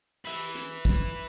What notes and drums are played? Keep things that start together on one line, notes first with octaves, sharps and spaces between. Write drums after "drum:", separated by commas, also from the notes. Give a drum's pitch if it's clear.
B4 E5, drum: open hi-hat
drum: hi-hat
drum: kick, hi-hat